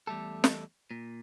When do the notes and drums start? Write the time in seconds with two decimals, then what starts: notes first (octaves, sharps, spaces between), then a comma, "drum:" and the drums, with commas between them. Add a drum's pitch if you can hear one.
0.07 E2 G3 A3 A4
0.44 drum: snare
0.91 A#2